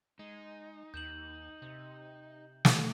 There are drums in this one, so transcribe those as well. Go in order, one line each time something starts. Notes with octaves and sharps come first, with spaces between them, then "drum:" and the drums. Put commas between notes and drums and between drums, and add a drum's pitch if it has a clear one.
G#3 D#4
D#2 G6 E7 F#7
C3
drum: snare